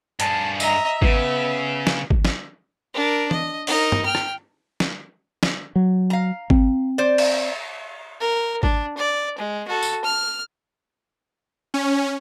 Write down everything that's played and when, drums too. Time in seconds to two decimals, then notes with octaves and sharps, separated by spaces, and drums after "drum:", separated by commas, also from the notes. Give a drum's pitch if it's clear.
0.20 G2 G#4 A5, drum: hi-hat
0.60 D#5 E5 A#5, drum: tambourine
1.02 C#3 B3, drum: kick G#1
1.87 drum: snare
2.10 drum: kick G#1
2.25 drum: snare
2.94 D4 A#4
3.31 D#5, drum: tom E3
3.67 D#4 A#4, drum: open hi-hat
3.92 drum: tom G2
4.05 G5 F6
4.15 drum: rim click
4.80 drum: snare
5.43 drum: snare
5.76 F#3
6.10 F5 A#5
6.50 C4, drum: kick G#1
6.98 C5 D5
7.18 drum: cymbal
8.20 A#4
8.63 D4, drum: kick G#1
8.97 D5
9.38 G#3
9.68 F#4 A4
9.83 drum: tambourine
10.04 F6
11.74 C#4